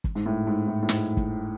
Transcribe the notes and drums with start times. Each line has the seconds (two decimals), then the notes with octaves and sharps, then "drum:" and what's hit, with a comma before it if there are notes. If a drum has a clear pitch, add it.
0.04 drum: kick
0.15 G#2
0.26 A2
0.47 G#2
0.68 A2
0.83 A2
0.89 G#2, drum: snare
1.17 drum: kick